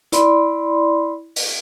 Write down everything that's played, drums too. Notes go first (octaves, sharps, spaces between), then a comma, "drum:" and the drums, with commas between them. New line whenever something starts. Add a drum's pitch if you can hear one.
E4 D5 B5 C6, drum: hi-hat
drum: open hi-hat